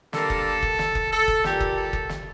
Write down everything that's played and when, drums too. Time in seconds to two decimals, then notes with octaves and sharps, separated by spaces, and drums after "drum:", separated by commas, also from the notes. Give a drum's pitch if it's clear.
0.13 D3 G3 A#3 A4, drum: snare
0.30 drum: kick F#1
0.62 drum: kick F#1
0.79 drum: snare
0.95 drum: kick F#1
1.12 A4
1.28 drum: kick F#1
1.44 A#2 G3 A#3 G4, drum: snare
1.60 drum: kick F#1
1.76 A4
1.93 drum: kick F#1
2.09 drum: snare